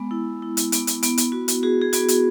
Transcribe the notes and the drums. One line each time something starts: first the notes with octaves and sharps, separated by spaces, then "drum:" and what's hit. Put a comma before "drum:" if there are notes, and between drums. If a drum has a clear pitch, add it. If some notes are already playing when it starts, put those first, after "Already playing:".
Already playing: G#3 B3
E4
E4
drum: hi-hat
B3, drum: hi-hat
drum: hi-hat
B3, drum: hi-hat
drum: hi-hat
F#4
drum: hi-hat
F#4 G#4
G#4
B3 F#4, drum: hi-hat
drum: hi-hat